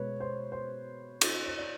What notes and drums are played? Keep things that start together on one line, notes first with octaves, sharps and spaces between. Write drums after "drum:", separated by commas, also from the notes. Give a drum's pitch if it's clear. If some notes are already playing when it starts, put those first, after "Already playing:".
Already playing: B2 G#3 B4 C#5
C5
C5
drum: cymbal
C#5
D5